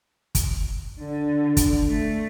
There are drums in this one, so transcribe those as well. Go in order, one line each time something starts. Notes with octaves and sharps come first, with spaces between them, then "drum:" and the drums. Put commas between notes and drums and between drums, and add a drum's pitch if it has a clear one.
drum: kick, hi-hat
D3 D4
drum: kick, hi-hat
A3